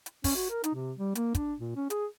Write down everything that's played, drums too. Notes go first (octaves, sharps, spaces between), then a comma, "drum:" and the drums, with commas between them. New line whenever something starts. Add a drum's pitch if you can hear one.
drum: hi-hat
C#4, drum: kick, open hi-hat
F#4
A#4
D#4, drum: hi-hat
C3
G3
A#3, drum: hi-hat
D4, drum: kick, hi-hat
A#2
C#4
G#4, drum: hi-hat